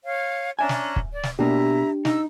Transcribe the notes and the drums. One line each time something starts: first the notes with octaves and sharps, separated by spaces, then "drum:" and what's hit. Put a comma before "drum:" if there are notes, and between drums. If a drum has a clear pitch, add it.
C#5 F5
C#4 D4 E5 G#5 A#5
drum: snare
drum: kick
D5
drum: snare
B2 A#3 D4 E4 G4 E5 A#5
D#4 E6, drum: snare